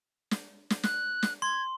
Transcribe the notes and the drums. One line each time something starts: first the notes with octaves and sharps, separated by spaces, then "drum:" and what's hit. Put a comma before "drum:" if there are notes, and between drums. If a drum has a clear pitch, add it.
drum: snare
drum: snare
F#6, drum: snare
drum: snare
C6 G#6